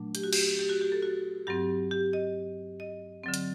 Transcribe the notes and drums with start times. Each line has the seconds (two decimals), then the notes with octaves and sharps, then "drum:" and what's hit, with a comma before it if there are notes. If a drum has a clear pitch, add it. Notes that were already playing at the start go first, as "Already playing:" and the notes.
Already playing: A#2 F#3 A3 D4
0.15 G4, drum: hi-hat
0.23 F#4
0.33 G4, drum: cymbal
0.59 G4
0.69 F#4
0.81 G4
0.92 A4
1.02 F#4
1.47 G2 F#3 C4 G4
1.91 G4
2.13 D#5
2.80 D#5
3.24 D3 F#3 C4
3.34 drum: hi-hat